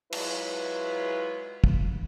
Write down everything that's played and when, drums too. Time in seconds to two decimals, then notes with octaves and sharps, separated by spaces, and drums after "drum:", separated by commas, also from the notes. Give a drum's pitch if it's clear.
0.12 F#3 G#3 E4 F4 B4, drum: cymbal
1.64 drum: kick